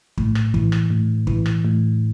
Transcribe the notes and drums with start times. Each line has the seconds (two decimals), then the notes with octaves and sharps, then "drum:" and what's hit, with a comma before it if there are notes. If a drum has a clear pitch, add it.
0.17 A2, drum: kick
0.35 drum: rim click
0.54 E3, drum: kick
0.72 drum: rim click
0.90 A2
1.27 E3, drum: kick
1.46 drum: rim click
1.65 A2